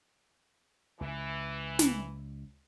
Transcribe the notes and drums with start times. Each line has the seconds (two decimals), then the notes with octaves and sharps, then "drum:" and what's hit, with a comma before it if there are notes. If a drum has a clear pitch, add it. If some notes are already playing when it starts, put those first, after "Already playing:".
1.01 C#2 E3
1.79 drum: snare